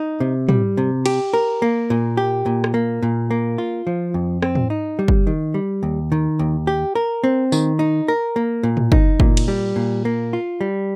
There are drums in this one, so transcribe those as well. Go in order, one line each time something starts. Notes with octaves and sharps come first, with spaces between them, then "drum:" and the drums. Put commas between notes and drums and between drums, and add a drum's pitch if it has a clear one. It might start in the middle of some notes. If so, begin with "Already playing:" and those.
Already playing: D#4
C3
G3, drum: tom
C3
G4, drum: cymbal
A#4
A#3
A#2
G4
A#2
drum: rim click
A#3
A#2
A#3
F4
F3
F2
C4, drum: rim click
drum: tom
D#4
G3
drum: kick
D#3
G3
D#2
D#3
D#2
G4
A#4
C4
D#3, drum: tambourine
D#4
A#4
A#3
A#2
drum: tom
D#4, drum: kick
A#2, drum: kick
drum: cymbal
G3
A#2
A#3
F4
G3